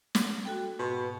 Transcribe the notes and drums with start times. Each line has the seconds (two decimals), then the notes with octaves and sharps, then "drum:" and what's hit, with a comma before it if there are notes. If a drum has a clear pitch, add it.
0.15 drum: snare
0.45 F#4 A4 G5
0.79 G#2 B2